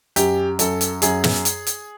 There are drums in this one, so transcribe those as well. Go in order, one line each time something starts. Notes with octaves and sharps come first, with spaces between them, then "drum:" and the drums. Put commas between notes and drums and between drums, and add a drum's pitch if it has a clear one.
F#2 G4, drum: hi-hat
F#2 A4, drum: hi-hat
drum: hi-hat
F#2 G#4, drum: hi-hat
drum: snare
drum: hi-hat
drum: hi-hat